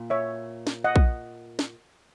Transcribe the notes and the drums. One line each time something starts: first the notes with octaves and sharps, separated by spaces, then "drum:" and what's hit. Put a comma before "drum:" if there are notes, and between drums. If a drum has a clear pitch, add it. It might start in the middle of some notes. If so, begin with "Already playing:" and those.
Already playing: A#2
C#5 E5
drum: snare
D#5 F#5
drum: kick A#1
drum: snare